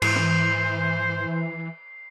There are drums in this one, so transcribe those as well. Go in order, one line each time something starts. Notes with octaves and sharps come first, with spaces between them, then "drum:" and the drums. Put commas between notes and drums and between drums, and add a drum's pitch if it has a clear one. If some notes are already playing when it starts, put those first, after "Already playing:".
G#2 E3 C5 C7, drum: cymbal
drum: rim click